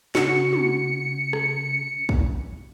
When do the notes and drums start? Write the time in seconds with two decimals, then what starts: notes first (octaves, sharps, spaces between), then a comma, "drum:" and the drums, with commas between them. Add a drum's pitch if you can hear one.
0.15 C#3 F#4 C#7, drum: snare
0.53 drum: tom
1.33 drum: rim click
2.09 drum: kick